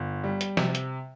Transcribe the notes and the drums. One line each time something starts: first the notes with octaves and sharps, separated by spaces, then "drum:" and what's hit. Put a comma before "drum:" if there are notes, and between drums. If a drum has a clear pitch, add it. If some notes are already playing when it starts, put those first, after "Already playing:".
Already playing: G1
G3
drum: hi-hat
C3, drum: snare F3
drum: hi-hat